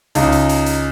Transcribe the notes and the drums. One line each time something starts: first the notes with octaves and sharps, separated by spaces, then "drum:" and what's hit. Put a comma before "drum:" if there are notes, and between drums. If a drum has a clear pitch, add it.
C#2 C#3 D#4, drum: hi-hat
drum: hi-hat
drum: hi-hat
drum: hi-hat